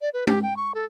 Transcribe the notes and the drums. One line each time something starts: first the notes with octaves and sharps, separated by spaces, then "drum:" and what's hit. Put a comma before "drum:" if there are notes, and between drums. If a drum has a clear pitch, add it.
D5
B4
G4, drum: tom G#3
G5
C#6
A4